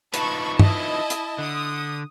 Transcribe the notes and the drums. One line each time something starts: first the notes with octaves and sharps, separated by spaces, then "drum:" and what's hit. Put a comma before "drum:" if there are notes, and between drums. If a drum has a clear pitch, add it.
D#4 F4 B4 A5 B5 C#6, drum: hi-hat
E4 D#5 A5, drum: tom
drum: hi-hat
D3 D#6